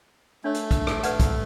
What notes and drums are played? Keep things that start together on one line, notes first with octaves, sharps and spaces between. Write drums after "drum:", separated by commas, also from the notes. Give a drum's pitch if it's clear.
A3 D4 C#5
drum: hi-hat
drum: kick, hi-hat
drum: rim click
B4 D5 F#5, drum: hi-hat
drum: kick, hi-hat